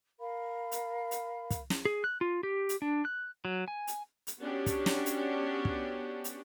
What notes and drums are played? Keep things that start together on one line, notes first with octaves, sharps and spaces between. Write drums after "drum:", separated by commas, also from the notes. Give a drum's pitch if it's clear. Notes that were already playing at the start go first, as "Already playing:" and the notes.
A#4 F5 B5
drum: hi-hat
drum: hi-hat
drum: kick, hi-hat
drum: snare
G#4
F#6
F4
G4
drum: hi-hat
D4
F#6
F#3
G#5
drum: hi-hat
drum: hi-hat
B3 C#4 D4 F#4 G4
drum: kick, hi-hat
drum: snare
drum: hi-hat
drum: kick
drum: hi-hat